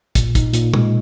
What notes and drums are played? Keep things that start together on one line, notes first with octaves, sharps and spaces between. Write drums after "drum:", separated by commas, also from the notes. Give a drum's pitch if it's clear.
A#2, drum: kick, hi-hat
D#4, drum: kick, hi-hat
A#2, drum: hi-hat
G#3, drum: tom